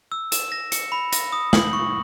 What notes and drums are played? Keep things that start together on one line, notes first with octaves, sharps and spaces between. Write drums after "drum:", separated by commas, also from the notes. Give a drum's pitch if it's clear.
E6
E7, drum: hi-hat
A#6
C#7, drum: hi-hat
B5
A#6, drum: hi-hat
D#6
F#7, drum: snare
C#6